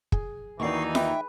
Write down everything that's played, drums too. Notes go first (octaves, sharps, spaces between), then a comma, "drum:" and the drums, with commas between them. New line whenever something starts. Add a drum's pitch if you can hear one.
G#4, drum: kick
D#2 E3 D#4 F#4 D5 C#6 C7
B4 E5 G5, drum: snare F4